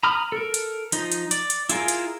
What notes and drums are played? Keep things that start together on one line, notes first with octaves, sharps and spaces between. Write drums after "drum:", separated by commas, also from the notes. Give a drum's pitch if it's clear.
A#5 B5 D#6 F6
A4 A#4
drum: hi-hat
F3 D#4, drum: hi-hat
drum: hi-hat
D5, drum: hi-hat
drum: hi-hat
E4 F4 G#4 A#4, drum: hi-hat
drum: hi-hat